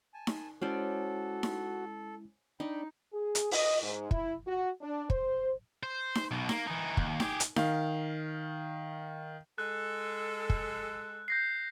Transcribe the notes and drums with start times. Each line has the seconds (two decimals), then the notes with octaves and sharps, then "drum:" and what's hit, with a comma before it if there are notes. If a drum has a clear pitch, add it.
0.14 G#5 A5
0.27 drum: snare D#4
0.62 G#3 C#4 E4 F#4 A4 C5 D5
1.43 drum: snare D#4
2.60 D4 D#4 G5 B5
3.12 G#4
3.35 drum: hi-hat
3.51 D#5, drum: open hi-hat
3.81 G#2
4.11 E4, drum: kick
4.45 F#4
4.80 D4
5.10 C5, drum: kick
5.83 C5
6.15 drum: snare D#4
6.31 B1 B2
6.49 A#3, drum: snare D#4
6.67 E3 D#4
6.97 D#2, drum: kick
7.20 G4 G#4, drum: snare D#4
7.40 drum: hi-hat
7.56 D#3 F5, drum: snare D#4
9.58 G#3 A4 F#6
10.50 drum: kick
11.28 G6 A#6 C7